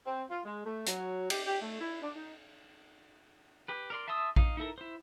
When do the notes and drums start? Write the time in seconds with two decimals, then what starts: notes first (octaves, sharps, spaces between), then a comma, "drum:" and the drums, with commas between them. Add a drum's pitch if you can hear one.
0.06 C4
0.30 F4
0.45 G#3
0.66 A3
0.86 F#3, drum: hi-hat
1.30 G4, drum: cymbal
1.46 G4
1.62 A3
1.80 E4
2.02 D4
2.16 D#4
3.68 G4 B4
3.90 A#4 D5 C6
4.08 E5 A5 C6 D#6 E6
4.36 D#4 F5, drum: kick A#1
4.57 D#4 E4 A4 A#4
4.78 E4 C5